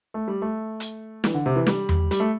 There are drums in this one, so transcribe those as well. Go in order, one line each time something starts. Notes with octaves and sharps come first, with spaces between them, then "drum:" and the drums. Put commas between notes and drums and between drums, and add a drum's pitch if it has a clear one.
A3
G3
A3
drum: hi-hat
E3, drum: snare
D3
C3
E3
G3, drum: snare
drum: tom E2
G3, drum: hi-hat
A3